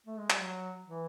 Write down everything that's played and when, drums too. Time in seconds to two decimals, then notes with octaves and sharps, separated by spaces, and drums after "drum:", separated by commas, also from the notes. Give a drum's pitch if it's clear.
0.06 A3
0.18 G#3
0.30 G3, drum: clap
0.41 F#3
0.86 E3